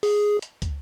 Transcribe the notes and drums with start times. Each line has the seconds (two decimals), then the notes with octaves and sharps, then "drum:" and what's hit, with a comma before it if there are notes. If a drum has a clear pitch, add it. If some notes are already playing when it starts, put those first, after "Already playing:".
0.03 G#4, drum: open hi-hat
0.42 drum: hi-hat
0.62 drum: kick, hi-hat